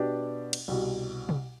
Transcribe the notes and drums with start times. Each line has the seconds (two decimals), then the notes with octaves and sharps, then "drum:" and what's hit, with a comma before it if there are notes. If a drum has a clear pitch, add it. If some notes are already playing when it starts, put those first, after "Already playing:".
Already playing: B2 B3 D4 G4 D5
0.53 drum: cymbal
0.68 C2 B2 G3
1.29 drum: tom